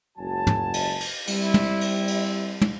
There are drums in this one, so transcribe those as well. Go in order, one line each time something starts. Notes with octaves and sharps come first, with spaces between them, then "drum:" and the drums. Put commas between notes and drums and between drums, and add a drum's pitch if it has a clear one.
F#1 C#2 F#3 F#4 G#5 A5
drum: tom
drum: cymbal
drum: cymbal
G3 C4 E4, drum: cymbal
drum: tom
drum: cymbal
drum: cymbal
drum: tom